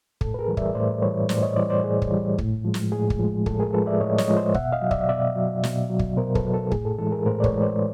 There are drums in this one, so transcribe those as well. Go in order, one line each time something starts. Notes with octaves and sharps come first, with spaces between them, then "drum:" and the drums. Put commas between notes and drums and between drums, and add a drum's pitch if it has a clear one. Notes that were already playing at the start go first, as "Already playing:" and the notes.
A2 A4, drum: kick
B4
G#4 A#4
E3 G3
D5 E5, drum: kick
A2 C5 D5
E3 G3 B4 C#5
A2 C5 D5, drum: snare
C#5 D#5
E3 G3 C5 D5
C5 D5
A2 G#4
drum: kick
E3 G3
A2, drum: kick
F3 G#3
drum: snare
A2 G#4
drum: kick
F3 G#3
A2 A4, drum: kick
G#4 A#4
F3 G#3 A4 B4
D5 E5
A2 C#5 D#5
C#5 D#5, drum: snare
F3 G#3
C5 D5
B2 E5 F#5, drum: kick
D#5 F5
F#3
D5 E5, drum: kick
B2 D5 E5
F#3
B2, drum: snare
F#3
drum: kick
B2 A#4 C5
A4 B4, drum: kick
F#3
A4
A2 G#4, drum: kick
A4
E3 G#3 A4
G#4 A#4
A2 A#4 C5
D5
B4 C#5, drum: kick
E3 G#3
C5 D5